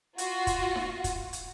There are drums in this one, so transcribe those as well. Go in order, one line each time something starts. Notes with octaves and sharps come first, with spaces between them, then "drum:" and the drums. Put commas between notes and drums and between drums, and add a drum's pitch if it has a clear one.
F4 F#4, drum: hi-hat
drum: kick, hi-hat
drum: snare D#4
drum: kick, hi-hat
drum: hi-hat